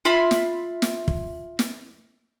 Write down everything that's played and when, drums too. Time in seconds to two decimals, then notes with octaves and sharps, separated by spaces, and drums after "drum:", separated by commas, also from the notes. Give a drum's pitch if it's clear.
0.05 F4 E5 B5 C6
0.31 drum: snare
0.82 drum: snare
1.08 drum: kick
1.59 drum: snare